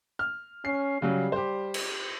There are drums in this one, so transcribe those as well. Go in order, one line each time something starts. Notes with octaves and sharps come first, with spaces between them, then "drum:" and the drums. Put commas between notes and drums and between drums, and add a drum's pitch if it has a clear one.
F6
C#4 C7
C#3 F#3 G3
G4 C5
drum: cymbal